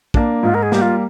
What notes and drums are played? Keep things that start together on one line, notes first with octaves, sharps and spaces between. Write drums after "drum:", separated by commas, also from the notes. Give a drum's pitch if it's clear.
A#3 D4, drum: kick
G#2 F4
A#4
G#4
G3 A#3 G4, drum: snare
F4